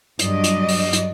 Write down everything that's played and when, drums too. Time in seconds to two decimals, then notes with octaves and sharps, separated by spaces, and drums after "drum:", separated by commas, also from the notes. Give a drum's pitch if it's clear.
0.19 G2 F#3 D5 D#5, drum: hi-hat
0.44 drum: hi-hat
0.68 drum: open hi-hat
0.93 drum: hi-hat